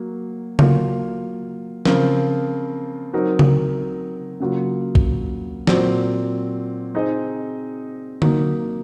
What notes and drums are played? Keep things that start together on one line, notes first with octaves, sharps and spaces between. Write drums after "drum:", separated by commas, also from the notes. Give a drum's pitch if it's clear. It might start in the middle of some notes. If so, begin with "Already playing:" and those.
Already playing: F#3 A#3
F#3 A#3 F4, drum: tom C#3
C#3 F3 C4 F4 A#4, drum: snare
F#3 C4 D#4 A#4
drum: tom C#3
C#3 F#3 A#3 F4
drum: kick
A#2 F#3 C4, drum: snare
C4 D#4 G#4 D#5
C3 F#3 A#3 D#4, drum: tom D3